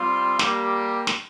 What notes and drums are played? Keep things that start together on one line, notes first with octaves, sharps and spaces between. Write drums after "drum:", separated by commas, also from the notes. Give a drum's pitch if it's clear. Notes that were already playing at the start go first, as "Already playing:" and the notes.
Already playing: G3 C4 F4
G3 A#3 G4, drum: snare
drum: snare